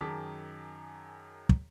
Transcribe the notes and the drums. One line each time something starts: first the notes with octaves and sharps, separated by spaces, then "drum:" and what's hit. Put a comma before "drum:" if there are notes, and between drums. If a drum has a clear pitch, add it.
F#2 D#3 G#4 A5 D6 B6
drum: kick